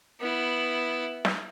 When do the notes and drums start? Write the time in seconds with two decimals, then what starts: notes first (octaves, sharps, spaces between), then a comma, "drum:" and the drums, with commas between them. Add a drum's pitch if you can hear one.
0.20 B3 E4
1.25 drum: snare